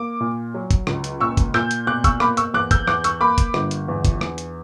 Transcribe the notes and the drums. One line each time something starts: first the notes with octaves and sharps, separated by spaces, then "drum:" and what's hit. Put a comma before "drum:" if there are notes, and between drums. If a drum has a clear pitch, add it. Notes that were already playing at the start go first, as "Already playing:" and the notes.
Already playing: A#3 D6
A#2
F#3
drum: kick, hi-hat
C#2, drum: rim click
drum: hi-hat
A#2 C#6 E6
drum: kick, hi-hat
A#2 E6 G6, drum: rim click
drum: hi-hat
B2 D6 F#6
C#6 E6, drum: kick, hi-hat
A#3 B5 D6, drum: rim click
C#6 E6, drum: hi-hat
E2 D6 F#6
E6 G6, drum: kick, hi-hat
E2 D6 F#6, drum: rim click
C#6 E6, drum: hi-hat
A#3 B5 D6
drum: kick, hi-hat
G1, drum: rim click
drum: hi-hat
E2
drum: kick, hi-hat
E2, drum: rim click
drum: hi-hat